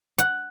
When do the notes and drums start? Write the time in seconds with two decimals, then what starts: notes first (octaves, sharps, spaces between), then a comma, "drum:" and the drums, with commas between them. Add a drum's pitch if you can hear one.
0.18 F#5, drum: hi-hat